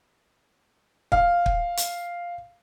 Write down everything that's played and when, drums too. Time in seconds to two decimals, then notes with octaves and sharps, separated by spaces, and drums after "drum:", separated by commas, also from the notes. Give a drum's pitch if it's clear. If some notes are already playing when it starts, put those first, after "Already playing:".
1.12 F5, drum: kick
1.46 drum: kick
1.77 drum: hi-hat